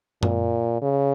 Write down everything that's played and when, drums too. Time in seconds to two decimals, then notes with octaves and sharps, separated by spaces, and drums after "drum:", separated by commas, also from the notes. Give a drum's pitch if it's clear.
0.23 A#2, drum: tom F#2
0.82 C#3